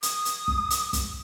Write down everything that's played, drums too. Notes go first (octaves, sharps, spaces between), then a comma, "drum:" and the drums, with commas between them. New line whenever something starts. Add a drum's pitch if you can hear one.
D#6, drum: hi-hat
drum: hi-hat
drum: kick
drum: hi-hat
drum: kick, hi-hat